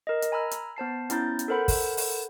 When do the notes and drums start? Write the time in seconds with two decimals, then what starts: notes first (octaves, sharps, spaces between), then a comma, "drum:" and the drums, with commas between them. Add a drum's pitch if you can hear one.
0.07 A#4 D#5
0.22 drum: hi-hat
0.32 G#5 A#5 B5 E6 F6
0.51 drum: hi-hat
0.77 B3 C5 A5 C7
1.10 B3 C#4 E4 A#5 G6 A6, drum: hi-hat
1.39 drum: hi-hat
1.48 A4 A#4 C5 F#5 B5
1.68 drum: kick, open hi-hat
1.97 drum: open hi-hat